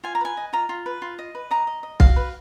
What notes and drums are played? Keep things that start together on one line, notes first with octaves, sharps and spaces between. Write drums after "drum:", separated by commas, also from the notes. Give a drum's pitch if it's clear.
F4 G#5
A#5
B4 G#5
D#5
F4 A#5
F4
B4
F4
D#5
B4
D#5 A#5
D#5
D#5
F#4 F5, drum: kick B1
B4